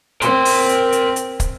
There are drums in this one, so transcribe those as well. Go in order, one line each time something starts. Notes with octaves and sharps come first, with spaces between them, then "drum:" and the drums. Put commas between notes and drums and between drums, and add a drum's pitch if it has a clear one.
C4 A#4 C6, drum: hi-hat
drum: open hi-hat
drum: hi-hat
drum: hi-hat
drum: hi-hat
drum: kick, hi-hat